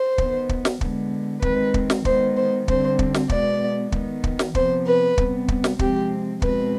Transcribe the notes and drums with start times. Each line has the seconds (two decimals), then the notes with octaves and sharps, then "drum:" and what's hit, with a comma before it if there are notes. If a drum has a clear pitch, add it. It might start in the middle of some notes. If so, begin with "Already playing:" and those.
Already playing: C5
0.18 D#3 B3, drum: kick
0.49 drum: kick
0.65 drum: snare
0.81 D3 G#3 B3, drum: kick
1.42 D#3 G#3 C4 B4, drum: kick
1.74 drum: kick
1.90 drum: snare
2.05 D#3 G#3 B3 C5, drum: kick
2.36 C5
2.68 D3 G3 C4 C5, drum: kick
2.99 drum: kick
3.14 drum: snare
3.29 B2 G#3 B3 D5, drum: kick
3.92 D#3 B3, drum: kick
4.24 drum: kick
4.39 drum: snare
4.55 C3 F3 B3 C5, drum: kick
4.86 B4
5.18 C3 G3 B3, drum: kick
5.48 drum: kick
5.64 drum: snare
5.79 C3 F3 G#3 C4 G4, drum: kick
6.42 B2 G#3 C4 B4, drum: kick